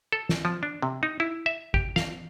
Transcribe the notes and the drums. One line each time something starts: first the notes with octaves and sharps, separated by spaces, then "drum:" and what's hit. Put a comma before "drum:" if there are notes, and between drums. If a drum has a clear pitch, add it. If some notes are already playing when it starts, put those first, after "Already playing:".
A4
drum: snare
F3
D4
C3
D#4
E4
E5
G4, drum: kick G#1
F5, drum: snare